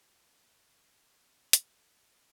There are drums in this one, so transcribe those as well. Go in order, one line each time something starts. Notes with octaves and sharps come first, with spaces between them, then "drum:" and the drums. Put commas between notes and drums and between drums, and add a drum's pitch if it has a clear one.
D#5 F5 A5
D#4
C#5
G4, drum: hi-hat
A4 C#5 D#5
F5